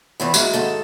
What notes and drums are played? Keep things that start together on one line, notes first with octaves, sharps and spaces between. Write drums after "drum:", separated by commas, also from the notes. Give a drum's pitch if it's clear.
E2 A#2 E3
G#2 G#3 A#3 F#4 G#4 E5, drum: tambourine
G#2 D#3 A4